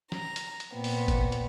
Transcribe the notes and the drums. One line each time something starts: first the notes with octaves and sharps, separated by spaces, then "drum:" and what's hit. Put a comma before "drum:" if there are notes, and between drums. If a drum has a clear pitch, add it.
A#5, drum: snare
drum: hi-hat
drum: hi-hat
A#2 B3 C4
drum: open hi-hat
drum: kick G#1, hi-hat
drum: hi-hat